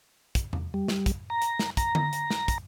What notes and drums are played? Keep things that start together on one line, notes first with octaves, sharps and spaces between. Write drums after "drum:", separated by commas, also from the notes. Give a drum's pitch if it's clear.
drum: kick, hi-hat
drum: tom E2
G3
drum: snare
drum: kick, hi-hat
A#5
drum: hi-hat
drum: snare
A#5, drum: kick, hi-hat
drum: tom D3
drum: hi-hat
drum: snare
drum: kick, hi-hat